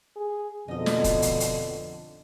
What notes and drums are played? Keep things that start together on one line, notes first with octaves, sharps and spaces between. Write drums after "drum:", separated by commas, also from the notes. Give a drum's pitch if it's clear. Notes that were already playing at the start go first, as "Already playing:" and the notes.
G#4
F2 B2 D3 D#4 D#5
drum: snare
drum: kick, hi-hat
drum: hi-hat
drum: hi-hat